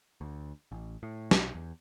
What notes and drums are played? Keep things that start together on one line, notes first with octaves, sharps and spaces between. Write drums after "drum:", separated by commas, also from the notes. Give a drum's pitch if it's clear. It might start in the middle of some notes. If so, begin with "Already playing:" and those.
D2
A1
A2
B1, drum: snare
E2